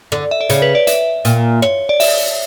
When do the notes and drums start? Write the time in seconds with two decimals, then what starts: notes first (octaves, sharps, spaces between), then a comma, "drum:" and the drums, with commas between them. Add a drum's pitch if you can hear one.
0.12 D3, drum: rim click
0.31 E5
0.41 D5
0.49 C#3 C#5, drum: hi-hat
0.62 B4
0.75 D5
0.87 E5, drum: hi-hat
1.25 A#2, drum: hi-hat
1.62 C#5, drum: rim click
1.89 D5
2.00 E5, drum: open hi-hat